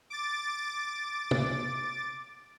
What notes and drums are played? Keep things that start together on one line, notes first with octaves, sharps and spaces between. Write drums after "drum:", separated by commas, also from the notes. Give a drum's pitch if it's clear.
D6 A6
drum: tom